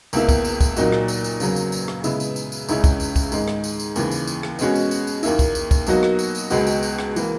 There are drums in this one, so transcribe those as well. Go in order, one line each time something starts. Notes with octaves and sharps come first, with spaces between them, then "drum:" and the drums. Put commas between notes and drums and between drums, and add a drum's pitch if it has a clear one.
C#2 B2 A#3 E4, drum: tambourine
drum: kick, tambourine
drum: tambourine
drum: kick, tambourine
A#2 F#3 A#3 D#4 F#4, drum: tambourine
drum: rim click
drum: tambourine
drum: tambourine
E2 C#3 F#3 A#3, drum: tambourine
drum: tambourine
drum: tambourine
drum: rim click
C#3 G#3 B3 E4, drum: tambourine
drum: tambourine
drum: tambourine
drum: tambourine
C#2 C#3 G#3 C#4 E4, drum: tambourine
drum: kick, tambourine
drum: tambourine
drum: kick, tambourine
G#2 D#3 G#3, drum: tambourine
drum: rim click
drum: tambourine
drum: tambourine
D#2 C#3 E3, drum: tambourine
drum: tambourine
drum: tambourine
drum: rim click
B2 G#3 C#4 F#4, drum: tambourine
drum: tambourine
drum: tambourine
drum: tambourine
D#2 D#3 A#3 E4, drum: tambourine
drum: kick, tambourine
drum: tambourine
drum: kick, tambourine
B2 F#3 A#3 D#4 F#4, drum: tambourine
drum: rim click
drum: tambourine
drum: tambourine
C#2 B2 G#3 B3 F#4, drum: tambourine
drum: tambourine
drum: tambourine
drum: rim click
E3 A#3, drum: tambourine